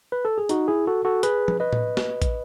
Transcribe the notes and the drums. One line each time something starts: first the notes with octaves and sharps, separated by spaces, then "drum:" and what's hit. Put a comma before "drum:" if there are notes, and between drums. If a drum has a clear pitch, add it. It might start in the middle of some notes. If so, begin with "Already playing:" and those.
B4
A4
G#4
D#4 F#4, drum: hi-hat
E4 G#4
F#4 A4
F#4 A4
G#4 B4, drum: hi-hat
drum: tom F3
B4 D#5
drum: tom A2
drum: snare
drum: kick, hi-hat